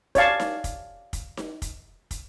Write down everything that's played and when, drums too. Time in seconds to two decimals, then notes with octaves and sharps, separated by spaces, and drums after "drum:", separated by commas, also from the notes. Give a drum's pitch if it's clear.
0.15 C#5 D5 F5 A5, drum: kick, hi-hat
0.40 drum: snare D#4
0.64 drum: kick, hi-hat
1.13 drum: kick, hi-hat
1.37 drum: snare D#4
1.62 drum: kick, hi-hat
2.11 drum: kick, hi-hat